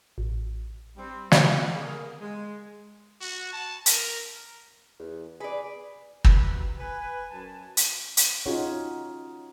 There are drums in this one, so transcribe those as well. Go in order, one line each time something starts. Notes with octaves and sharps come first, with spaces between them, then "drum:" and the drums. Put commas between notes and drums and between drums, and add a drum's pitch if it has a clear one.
A1
G3 C4
E4 F4 G4 C#5 F#5, drum: snare
A#3 B3 G#4
G#3
F#4
A5
A#4, drum: hi-hat
E2
G#4 B4 D5
C3 F#4 B4 G5 A#5 B5, drum: kick
B4 G#5
F#2 G#5 A5
drum: hi-hat
drum: hi-hat
C#4 D#4 F4 F#4 G#4 C#5